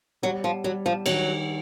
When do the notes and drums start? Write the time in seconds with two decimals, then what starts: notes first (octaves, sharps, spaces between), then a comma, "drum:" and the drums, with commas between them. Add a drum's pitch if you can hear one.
0.23 F#3 G3
0.44 F3
0.64 F#3 G3
0.86 F3
1.06 D#3 F#3, drum: cymbal